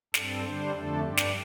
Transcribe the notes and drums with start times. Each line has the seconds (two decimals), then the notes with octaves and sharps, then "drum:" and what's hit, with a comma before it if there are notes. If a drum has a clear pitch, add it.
0.14 G2 G3 C4 A4, drum: snare
0.43 D3 G3 D4 C5
0.73 F2 D3 A3 D4 A4
1.02 G2 G3 D4 G4
1.17 drum: snare